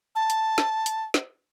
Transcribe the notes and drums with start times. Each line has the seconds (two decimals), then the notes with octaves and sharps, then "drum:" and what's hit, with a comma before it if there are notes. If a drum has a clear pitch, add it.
0.16 A5
0.30 drum: hi-hat
0.58 drum: snare
0.86 drum: hi-hat
1.14 drum: snare